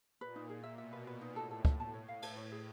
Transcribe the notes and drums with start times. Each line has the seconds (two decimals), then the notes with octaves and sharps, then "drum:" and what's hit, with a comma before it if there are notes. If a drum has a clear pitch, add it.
0.21 A#2 B4
0.36 D#4
0.49 G#4
0.63 E5
0.78 B2 E5
0.93 B4
1.07 B4
1.21 D#4
1.36 A2 A4
1.51 A4
1.65 A4, drum: kick
1.80 A5
1.94 C#5
2.08 F5
2.22 A4, drum: cymbal
2.37 C#5
2.52 G#4